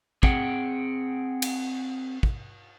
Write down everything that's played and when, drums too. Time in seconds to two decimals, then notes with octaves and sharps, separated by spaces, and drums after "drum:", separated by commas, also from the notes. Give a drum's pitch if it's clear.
0.23 C4 G#4 F#5 G5, drum: kick
1.42 drum: cymbal
2.23 drum: kick